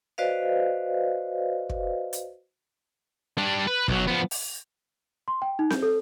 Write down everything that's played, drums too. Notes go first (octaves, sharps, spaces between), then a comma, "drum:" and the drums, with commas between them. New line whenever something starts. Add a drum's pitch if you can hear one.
F#4 B4 C5 D5 D#5 F5
drum: kick
drum: hi-hat
G3 D4
B4
B1 F#3, drum: kick
F3 B3
drum: open hi-hat
C6
G5
D#4
G6, drum: snare C4
A4